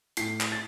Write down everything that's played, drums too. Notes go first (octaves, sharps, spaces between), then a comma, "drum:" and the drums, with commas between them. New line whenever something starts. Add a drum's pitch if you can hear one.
A2 C7, drum: hi-hat
drum: clap
A6